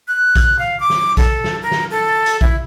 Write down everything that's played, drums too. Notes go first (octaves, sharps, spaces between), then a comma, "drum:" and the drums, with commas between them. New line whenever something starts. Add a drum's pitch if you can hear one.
F#6
drum: kick A#1, hi-hat
F5
D6
drum: snare
A4, drum: kick A#1, hi-hat
drum: snare
A#4
drum: snare
A4
drum: hi-hat
E4, drum: kick A#1